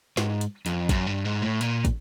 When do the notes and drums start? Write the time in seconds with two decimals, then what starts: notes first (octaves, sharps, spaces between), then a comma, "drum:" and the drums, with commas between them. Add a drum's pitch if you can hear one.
0.17 G#2, drum: snare
0.41 drum: hi-hat
0.66 F2, drum: hi-hat
0.89 F#2, drum: kick, hi-hat
1.07 G2
1.25 G#2
1.42 A2
1.61 A#2, drum: hi-hat
1.85 drum: kick, hi-hat